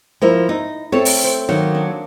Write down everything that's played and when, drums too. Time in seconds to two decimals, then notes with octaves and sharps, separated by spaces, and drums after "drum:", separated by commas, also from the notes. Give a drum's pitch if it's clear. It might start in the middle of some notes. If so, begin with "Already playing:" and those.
0.22 F3 A#3 E4
0.49 D#4
0.92 A3 C4 A4 C#5
1.05 drum: open hi-hat
1.24 C5
1.49 D#3 F#3 A#3 D#4
1.75 D4